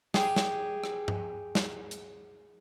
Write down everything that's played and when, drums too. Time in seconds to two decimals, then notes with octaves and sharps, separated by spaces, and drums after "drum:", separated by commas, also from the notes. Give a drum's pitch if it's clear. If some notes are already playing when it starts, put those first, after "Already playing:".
0.14 G4 G#4, drum: snare
0.36 drum: snare
0.84 drum: rim click
1.08 drum: tom G2
1.55 drum: snare
1.91 drum: hi-hat